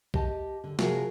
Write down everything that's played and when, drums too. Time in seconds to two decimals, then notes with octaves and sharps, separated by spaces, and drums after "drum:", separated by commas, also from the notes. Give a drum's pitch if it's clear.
0.14 G4 D#5 A5, drum: kick B1
0.64 D3
0.79 C3 F3 F#4 G#4 A#4, drum: snare